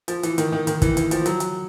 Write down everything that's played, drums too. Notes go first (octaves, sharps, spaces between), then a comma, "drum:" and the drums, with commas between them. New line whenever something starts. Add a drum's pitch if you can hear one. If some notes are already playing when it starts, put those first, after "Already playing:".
F3, drum: hi-hat
E3, drum: hi-hat
D#3, drum: hi-hat
D#3
D#3, drum: hi-hat
E3, drum: kick, hi-hat
E3, drum: hi-hat
F3, drum: hi-hat
F#3, drum: hi-hat
drum: hi-hat